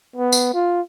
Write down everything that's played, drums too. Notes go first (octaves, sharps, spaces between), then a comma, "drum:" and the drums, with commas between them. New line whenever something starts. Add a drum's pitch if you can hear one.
B3
drum: tambourine
F4